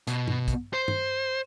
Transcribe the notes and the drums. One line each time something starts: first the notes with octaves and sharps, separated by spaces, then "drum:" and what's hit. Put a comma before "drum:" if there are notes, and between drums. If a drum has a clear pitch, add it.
B2, drum: hi-hat
drum: tom G2
drum: kick, hi-hat
C5
drum: tom G2